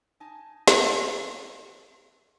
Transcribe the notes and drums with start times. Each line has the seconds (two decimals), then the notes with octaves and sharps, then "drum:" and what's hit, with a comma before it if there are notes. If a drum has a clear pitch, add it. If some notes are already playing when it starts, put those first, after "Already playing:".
0.20 D#4 G#5 A5
0.68 drum: snare